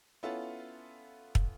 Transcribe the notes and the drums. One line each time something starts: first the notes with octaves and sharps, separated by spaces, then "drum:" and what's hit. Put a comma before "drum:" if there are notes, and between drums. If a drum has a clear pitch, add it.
B3 C#4 E4 F4 A4
drum: kick